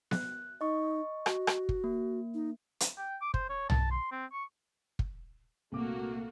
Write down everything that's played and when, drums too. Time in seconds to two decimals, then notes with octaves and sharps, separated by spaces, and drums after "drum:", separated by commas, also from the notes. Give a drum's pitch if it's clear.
0.11 F#6, drum: snare B3
0.61 D#4 D#5 C#6
1.26 F#4, drum: rim click
1.47 drum: rim click
1.69 drum: kick
1.84 A#3
2.34 D#4
2.80 drum: hi-hat
2.98 G5
3.22 D6
3.34 C5, drum: kick
3.50 C#5
3.70 A5, drum: tom
3.91 C6
4.12 C4
4.32 C#6
4.99 drum: kick
5.72 C2 A#2 A3 A#3 F#4 D6